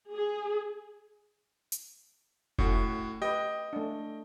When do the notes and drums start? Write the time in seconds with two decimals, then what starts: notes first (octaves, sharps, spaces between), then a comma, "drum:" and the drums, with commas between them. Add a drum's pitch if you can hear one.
0.13 G#4
1.72 drum: hi-hat
2.59 A2 A3 C#4 F#4, drum: kick F1
3.22 G4 B4 D#5 G5
3.73 A3 D4